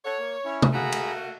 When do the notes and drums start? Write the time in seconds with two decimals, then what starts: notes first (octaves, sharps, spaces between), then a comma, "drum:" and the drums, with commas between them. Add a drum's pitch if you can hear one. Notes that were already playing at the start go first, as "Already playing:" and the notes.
0.05 A4 C#5 F#5
0.19 A#3
0.45 C#4 E4
0.62 drum: tom
0.73 A3 A#3 F#4 G#4 A#5 B5
0.92 drum: cymbal